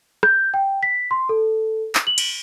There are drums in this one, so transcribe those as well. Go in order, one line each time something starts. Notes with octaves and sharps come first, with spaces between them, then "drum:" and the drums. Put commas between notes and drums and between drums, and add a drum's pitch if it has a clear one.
G6, drum: rim click
G5
B6
C6
A4
drum: clap
F#7
drum: cymbal